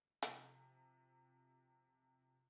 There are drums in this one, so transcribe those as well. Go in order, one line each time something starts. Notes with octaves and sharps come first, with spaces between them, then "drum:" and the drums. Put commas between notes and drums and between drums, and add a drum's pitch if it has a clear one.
C3 F3, drum: hi-hat